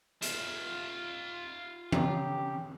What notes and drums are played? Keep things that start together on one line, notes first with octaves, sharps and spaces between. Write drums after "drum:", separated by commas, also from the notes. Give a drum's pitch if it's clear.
F4 E5, drum: hi-hat
C#3 G4 A#5, drum: tom D#3